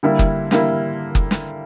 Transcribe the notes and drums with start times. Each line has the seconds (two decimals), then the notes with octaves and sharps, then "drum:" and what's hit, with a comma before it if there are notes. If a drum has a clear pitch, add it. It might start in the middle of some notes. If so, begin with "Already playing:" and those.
0.03 D3 G3 A#3 E4
0.19 drum: kick F#1
0.51 D3 G3 A#3 E4, drum: snare
1.15 drum: kick F#1
1.31 drum: snare